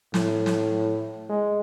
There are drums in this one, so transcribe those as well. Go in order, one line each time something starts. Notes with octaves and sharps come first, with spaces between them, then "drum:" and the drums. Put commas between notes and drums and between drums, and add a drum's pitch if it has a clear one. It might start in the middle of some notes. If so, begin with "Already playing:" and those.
A2, drum: snare
drum: snare
G#3